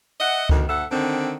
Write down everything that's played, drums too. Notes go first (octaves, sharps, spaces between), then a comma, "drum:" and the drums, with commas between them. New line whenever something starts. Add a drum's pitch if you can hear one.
D#5 E5 F#5
D2 B2 D#3, drum: kick C#2
D2 A4 E5 F#5
D3 D#3 C4